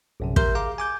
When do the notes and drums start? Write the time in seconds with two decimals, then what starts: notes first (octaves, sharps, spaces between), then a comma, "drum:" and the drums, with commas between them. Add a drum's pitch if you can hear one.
0.20 A#1 F#2 C3
0.36 G4 A#4 E5 C6 G6, drum: kick
0.55 G#4 F5 A#5 D6
0.78 G#5 D6 G6